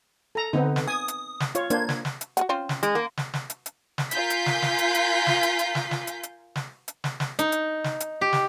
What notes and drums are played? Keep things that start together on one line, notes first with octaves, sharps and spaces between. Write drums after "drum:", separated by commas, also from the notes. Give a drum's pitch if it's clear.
A4 A#5
D3 B3 C4 D#4
drum: snare
G#5 D#6
drum: hi-hat
drum: snare
F4 C#5, drum: hi-hat
A#3 D4 C5 G#6, drum: hi-hat
drum: snare
drum: snare
drum: hi-hat
F#4 G#4 F#5, drum: hi-hat
C4 C#4 F4
drum: snare
G#3, drum: hi-hat
A#3
drum: snare
drum: snare
drum: hi-hat
drum: hi-hat
drum: snare
F4 A#4 G#5 G6 B6, drum: hi-hat
drum: hi-hat
drum: snare
drum: snare
drum: hi-hat
drum: hi-hat
drum: snare
drum: hi-hat
drum: hi-hat
drum: snare
drum: snare
drum: hi-hat
drum: hi-hat
drum: snare
drum: hi-hat
drum: snare
drum: snare
D#4, drum: hi-hat
drum: hi-hat
drum: snare
drum: hi-hat
G4
drum: snare